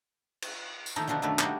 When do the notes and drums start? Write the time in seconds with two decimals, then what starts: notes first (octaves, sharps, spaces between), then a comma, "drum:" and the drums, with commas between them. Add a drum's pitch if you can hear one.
0.42 drum: cymbal
0.86 drum: tambourine
0.96 D#3 F3 A3 A#3 D#4
1.07 B2 D3 F3 D4 D#4
1.22 F#2 B2 D#3 A3 B4 D5
1.39 G3 A#3 D4 D#4 F#4 G4, drum: clap